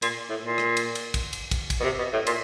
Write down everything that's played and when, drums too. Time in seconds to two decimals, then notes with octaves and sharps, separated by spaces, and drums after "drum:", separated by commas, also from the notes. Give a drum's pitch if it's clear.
0.02 A#2, drum: cymbal
0.29 A2
0.44 A#2
0.58 drum: rim click
0.77 drum: cymbal
0.95 drum: cymbal
1.14 drum: kick, cymbal
1.33 drum: cymbal
1.51 drum: kick, cymbal
1.70 drum: kick, cymbal
1.80 B2
1.84 C3
1.98 B2
2.13 A2
2.27 A#2, drum: cymbal